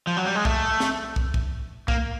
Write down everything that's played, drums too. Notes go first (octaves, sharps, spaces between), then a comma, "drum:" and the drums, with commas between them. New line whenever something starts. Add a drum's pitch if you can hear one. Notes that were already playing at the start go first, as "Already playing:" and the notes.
F3
F#3
G3
G#3
A3, drum: kick
drum: snare
drum: kick
drum: kick
A#3, drum: kick